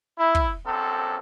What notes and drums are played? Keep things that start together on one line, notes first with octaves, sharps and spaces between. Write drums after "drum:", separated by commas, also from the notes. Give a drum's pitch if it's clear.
E4
drum: kick
A#1 F#2 C4 A4